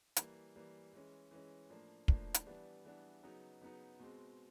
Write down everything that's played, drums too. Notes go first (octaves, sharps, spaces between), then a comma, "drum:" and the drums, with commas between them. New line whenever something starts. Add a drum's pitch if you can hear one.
E3 G3 A#3, drum: hi-hat
E3 G3 A#3
E3 G#3 C#4
E3 G#3 C#4
A2 F3 A#3 D4
A2 F3 A#3 D4, drum: kick
drum: hi-hat
E3 G3 B3 D4
E3 G3 B3 D4
C#3 F#3 B3 D#4
C#3 F#3 B3 D#4
B2 G#3 C4